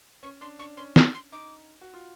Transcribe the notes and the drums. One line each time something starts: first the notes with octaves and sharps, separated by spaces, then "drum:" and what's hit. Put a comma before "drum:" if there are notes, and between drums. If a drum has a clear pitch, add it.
C#4 C#6
D4 C6
D4 C#6
C#4 C6
C6, drum: snare
C6
D#4 D6
F#4
F4